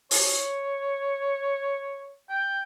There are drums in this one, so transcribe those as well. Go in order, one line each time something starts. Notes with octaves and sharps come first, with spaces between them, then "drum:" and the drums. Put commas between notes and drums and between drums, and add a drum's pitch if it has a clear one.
C#5, drum: open hi-hat
G5